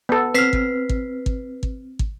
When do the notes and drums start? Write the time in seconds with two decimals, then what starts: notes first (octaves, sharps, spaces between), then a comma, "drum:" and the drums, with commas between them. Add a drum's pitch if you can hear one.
0.09 B3 A4
0.34 C4 B4 F6 B6 C7
0.53 drum: kick
0.89 drum: kick
1.26 drum: kick
1.63 drum: kick
1.99 drum: kick